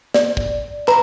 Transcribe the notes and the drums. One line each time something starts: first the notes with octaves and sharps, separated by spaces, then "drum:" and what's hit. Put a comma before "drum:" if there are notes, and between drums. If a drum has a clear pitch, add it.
D5, drum: snare
drum: kick
B4 A#5, drum: clap